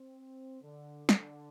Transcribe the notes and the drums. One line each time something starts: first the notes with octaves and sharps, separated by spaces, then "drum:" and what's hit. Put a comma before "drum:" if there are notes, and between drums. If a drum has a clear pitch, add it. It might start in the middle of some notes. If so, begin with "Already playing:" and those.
Already playing: C4
D3
D3, drum: snare